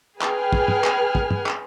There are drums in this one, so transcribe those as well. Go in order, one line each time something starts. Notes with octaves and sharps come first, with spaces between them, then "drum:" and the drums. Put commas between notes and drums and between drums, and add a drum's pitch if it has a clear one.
G#4 B4 G5 G#5 F6, drum: clap
drum: kick
drum: tom
drum: clap
drum: kick
drum: tom
drum: clap